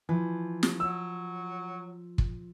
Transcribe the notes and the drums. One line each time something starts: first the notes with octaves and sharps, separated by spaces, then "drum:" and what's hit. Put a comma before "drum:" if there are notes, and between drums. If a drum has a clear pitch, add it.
E3 F3
drum: snare
F#3 E6
drum: kick